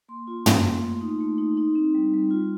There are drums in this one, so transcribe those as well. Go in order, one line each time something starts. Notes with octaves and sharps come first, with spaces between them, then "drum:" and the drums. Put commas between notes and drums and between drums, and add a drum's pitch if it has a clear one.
A#3 C6
F4
A#3, drum: tom
F4
A3
D#4
A3
D#4
D#4
C4
G3
G3
F4